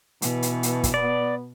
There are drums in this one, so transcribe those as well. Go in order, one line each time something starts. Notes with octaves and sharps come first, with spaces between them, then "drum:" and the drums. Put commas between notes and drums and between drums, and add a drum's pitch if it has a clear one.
B2 E3, drum: hi-hat
drum: hi-hat
drum: hi-hat
drum: kick, hi-hat
B3 D5